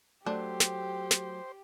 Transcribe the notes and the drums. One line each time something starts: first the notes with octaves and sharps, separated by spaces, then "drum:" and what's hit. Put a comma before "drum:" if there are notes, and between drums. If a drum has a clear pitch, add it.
F#3 A3 D4 G4 C5
drum: snare
drum: snare